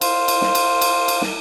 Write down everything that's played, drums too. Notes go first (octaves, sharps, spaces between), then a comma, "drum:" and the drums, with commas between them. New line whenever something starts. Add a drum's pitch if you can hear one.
C5 F5 C6, drum: cymbal
drum: cymbal
drum: snare
drum: cymbal
drum: cymbal
drum: cymbal
drum: snare